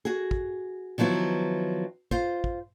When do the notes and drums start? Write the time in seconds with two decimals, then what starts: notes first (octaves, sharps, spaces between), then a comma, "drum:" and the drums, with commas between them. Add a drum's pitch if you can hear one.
0.05 F#4 G#4
0.31 drum: kick
0.98 D#3 F3 F#3 B3 E4
2.11 F4 C5, drum: kick
2.44 drum: kick